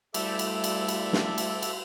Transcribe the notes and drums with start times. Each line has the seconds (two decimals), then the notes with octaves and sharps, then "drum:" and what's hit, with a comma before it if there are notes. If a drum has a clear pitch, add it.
0.14 G3 A3 E4 A4 E5 D6, drum: cymbal
0.39 drum: cymbal
0.64 drum: cymbal
0.88 drum: cymbal
1.13 drum: snare
1.38 drum: cymbal
1.62 drum: cymbal